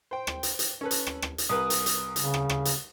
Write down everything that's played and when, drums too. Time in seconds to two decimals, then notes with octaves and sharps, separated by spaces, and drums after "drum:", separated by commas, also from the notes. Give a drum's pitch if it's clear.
0.11 C5 G5
0.27 drum: rim click
0.43 drum: hi-hat
0.59 drum: hi-hat
0.81 C#4 A4 B4
0.91 drum: hi-hat
1.06 drum: rim click
1.22 drum: rim click
1.38 drum: hi-hat
1.49 C2 A#4 B4 D#6
1.70 drum: hi-hat
1.86 drum: hi-hat
2.16 C#3, drum: hi-hat
2.34 drum: rim click
2.49 drum: rim click
2.65 drum: hi-hat